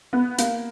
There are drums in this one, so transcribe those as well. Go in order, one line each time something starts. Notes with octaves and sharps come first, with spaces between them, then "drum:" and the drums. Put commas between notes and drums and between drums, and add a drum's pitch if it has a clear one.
B3
A#3, drum: hi-hat